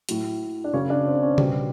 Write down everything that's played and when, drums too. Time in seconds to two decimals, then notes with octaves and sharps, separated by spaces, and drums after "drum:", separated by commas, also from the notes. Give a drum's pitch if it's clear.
0.09 A2 F#3, drum: hi-hat
0.64 D4
0.73 F#2 C#3 F#3 C#4
0.90 D4
1.06 C4
1.22 C#4
1.38 B2 G3 G4, drum: tom C#3